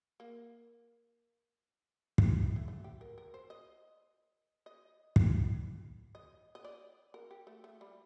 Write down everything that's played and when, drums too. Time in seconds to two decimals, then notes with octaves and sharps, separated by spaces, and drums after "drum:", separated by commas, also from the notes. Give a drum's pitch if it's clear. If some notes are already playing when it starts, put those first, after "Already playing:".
0.20 A#3
2.18 A3, drum: kick
2.43 A3
2.56 A3
2.68 A3
2.84 G4
3.01 A#4
3.18 A#4
3.34 C5
3.50 D#5
4.66 D#5
5.16 drum: kick
6.15 D#5
6.55 D#5
6.64 D5
7.14 A#4
7.31 G4
7.47 A3
7.64 A3
7.81 G3